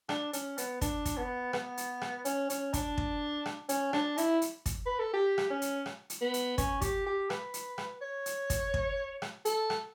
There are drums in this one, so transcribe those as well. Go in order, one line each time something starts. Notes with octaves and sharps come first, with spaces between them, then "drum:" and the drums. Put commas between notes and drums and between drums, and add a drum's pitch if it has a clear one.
D4, drum: rim click
C#4, drum: hi-hat
B3, drum: hi-hat
D4, drum: kick, hi-hat
drum: kick, hi-hat
B3
B3, drum: rim click
drum: hi-hat
drum: rim click
C#4, drum: hi-hat
C#4, drum: hi-hat
D4, drum: kick, hi-hat
drum: kick
drum: rim click
C#4, drum: hi-hat
D4, drum: rim click
E4, drum: hi-hat
drum: hi-hat
drum: kick, hi-hat
B4
A4
G4
drum: rim click
C#4
drum: hi-hat
drum: rim click
drum: hi-hat
B3
drum: hi-hat
C#4, drum: kick, hi-hat
G4, drum: kick, hi-hat
G4
B4, drum: rim click
drum: hi-hat
drum: rim click
C#5
drum: hi-hat
drum: kick, hi-hat
drum: kick
drum: rim click
A4, drum: hi-hat
drum: rim click